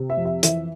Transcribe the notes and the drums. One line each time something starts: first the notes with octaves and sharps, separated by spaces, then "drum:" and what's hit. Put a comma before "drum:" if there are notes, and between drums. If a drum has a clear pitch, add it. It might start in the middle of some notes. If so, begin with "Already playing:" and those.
Already playing: C3
E5
F2
E5
E3 E5, drum: hi-hat